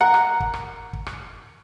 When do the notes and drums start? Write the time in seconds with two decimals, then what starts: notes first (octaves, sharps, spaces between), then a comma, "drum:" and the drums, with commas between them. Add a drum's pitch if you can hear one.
0.01 A#4 F#5
0.14 drum: rim click
0.40 drum: kick
0.54 drum: rim click
0.93 drum: kick
1.06 drum: rim click